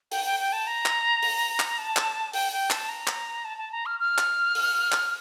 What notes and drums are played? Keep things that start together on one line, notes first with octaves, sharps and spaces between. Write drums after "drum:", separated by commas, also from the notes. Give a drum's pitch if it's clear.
G5, drum: open hi-hat
G5
G5
A5
A#5
drum: clap
drum: open hi-hat
drum: clap
A5
drum: clap
G5, drum: open hi-hat
G5
A5, drum: clap
A#5
drum: clap
A5
A5
A#5
F6
F6
drum: clap
drum: open hi-hat
drum: clap